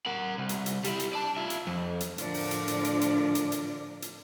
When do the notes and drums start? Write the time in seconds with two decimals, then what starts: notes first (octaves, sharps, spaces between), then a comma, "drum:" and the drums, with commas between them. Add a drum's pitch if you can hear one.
0.06 A#4 F#5
0.38 C2
0.49 drum: hi-hat
0.66 drum: hi-hat
0.84 G3 E4, drum: hi-hat
1.00 drum: hi-hat
1.13 D5 A5
1.37 F4 E5
1.50 drum: hi-hat
1.67 F2
2.00 drum: hi-hat
2.18 A2 D3 F3 D4 A#4 D5, drum: hi-hat
2.34 drum: open hi-hat
2.51 drum: hi-hat
2.68 drum: hi-hat
2.85 drum: hi-hat
3.01 drum: hi-hat
3.35 drum: hi-hat
3.52 drum: hi-hat
4.02 drum: hi-hat